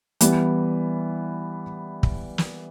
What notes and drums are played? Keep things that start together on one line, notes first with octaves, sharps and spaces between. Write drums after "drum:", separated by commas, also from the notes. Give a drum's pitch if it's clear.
E3 G3 B3, drum: hi-hat
drum: kick
drum: snare